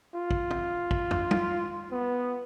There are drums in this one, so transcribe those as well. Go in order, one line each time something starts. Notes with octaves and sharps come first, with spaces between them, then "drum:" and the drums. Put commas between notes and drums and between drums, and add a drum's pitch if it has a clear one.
F4
drum: kick
drum: tom
drum: kick
drum: tom
drum: tom
B3